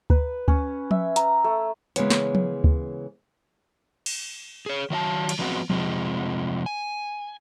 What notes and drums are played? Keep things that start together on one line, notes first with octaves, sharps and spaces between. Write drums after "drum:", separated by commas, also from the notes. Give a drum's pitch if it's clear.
B4, drum: kick D2
C#4, drum: kick D2
E5, drum: tom F3
A#5, drum: hi-hat
A3
C#3 E3 G#3 A#3 B3 C#5, drum: hi-hat
drum: snare
drum: tom F3
drum: kick D2
drum: cymbal
G#4 C#5
D#3 F#3 F5 A5
drum: cymbal
F3 F#3 G#3 B3 C4 F#4
F2 C3 E3 F3 G#3, drum: tom F3
G#5